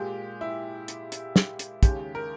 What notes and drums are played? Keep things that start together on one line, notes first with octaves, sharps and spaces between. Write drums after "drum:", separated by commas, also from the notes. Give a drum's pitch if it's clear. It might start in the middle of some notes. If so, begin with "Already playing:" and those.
Already playing: A#2 G#3 G4
E4
drum: hi-hat
drum: hi-hat
drum: snare
drum: hi-hat
D#2 C#3 G#3 G4, drum: kick, hi-hat
A#4